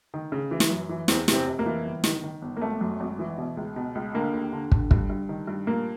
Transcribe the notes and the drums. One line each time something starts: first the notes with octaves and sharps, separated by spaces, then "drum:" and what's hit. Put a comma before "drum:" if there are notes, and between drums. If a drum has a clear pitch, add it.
D#3
C#3
E3
drum: snare
F#2
E3
E2 C4, drum: snare
C3, drum: snare
C4
F1
A#3
E3
G1
D#3, drum: snare
D#3
G1
A#3
G#1 A3
F#2
G#1
E3
B2
C#2
B2
C#2
D3 A#3
D#2
D3
D3, drum: kick
G2, drum: kick
G2
D#3
G2
A#2 A#3